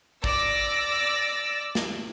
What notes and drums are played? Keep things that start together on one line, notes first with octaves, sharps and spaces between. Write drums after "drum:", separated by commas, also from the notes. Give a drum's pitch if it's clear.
D5 D6 E6 A#6, drum: kick
drum: snare